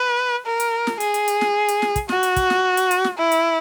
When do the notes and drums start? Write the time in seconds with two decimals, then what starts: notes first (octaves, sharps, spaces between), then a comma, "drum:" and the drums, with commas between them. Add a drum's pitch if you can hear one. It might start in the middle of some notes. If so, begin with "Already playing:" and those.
Already playing: B4
0.46 A#4
0.60 drum: hi-hat
0.87 drum: snare
1.00 G#4, drum: hi-hat
1.14 drum: hi-hat
1.28 drum: hi-hat
1.41 drum: snare
1.68 drum: hi-hat
1.82 drum: snare
1.96 drum: kick, hi-hat
2.09 F#4, drum: snare
2.23 drum: hi-hat
2.36 drum: kick, hi-hat
2.50 drum: snare
2.77 drum: hi-hat
2.91 drum: hi-hat
3.04 drum: snare
3.18 E4
3.32 drum: hi-hat